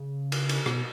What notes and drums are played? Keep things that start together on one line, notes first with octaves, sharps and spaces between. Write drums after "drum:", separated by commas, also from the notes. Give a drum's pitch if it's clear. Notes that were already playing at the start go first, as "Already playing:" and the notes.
Already playing: C#3
drum: cymbal
drum: cymbal
B2, drum: rim click